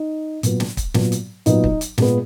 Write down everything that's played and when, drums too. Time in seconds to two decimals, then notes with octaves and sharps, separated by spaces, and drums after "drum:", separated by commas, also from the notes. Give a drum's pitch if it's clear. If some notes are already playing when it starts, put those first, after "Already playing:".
Already playing: D#4
0.43 A#2 F#3 B3, drum: hi-hat
0.60 drum: snare
0.77 drum: kick, hi-hat
0.94 A#2 F#3 B3, drum: snare
1.12 drum: hi-hat
1.46 A#2 F#3 B3 D#4, drum: hi-hat
1.64 drum: kick
1.81 drum: hi-hat
1.98 A#2 G#3 B3, drum: snare